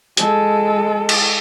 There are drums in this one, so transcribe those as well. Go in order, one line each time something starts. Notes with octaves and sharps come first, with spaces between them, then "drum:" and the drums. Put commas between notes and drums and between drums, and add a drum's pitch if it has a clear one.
G#3 A4, drum: hi-hat
drum: cymbal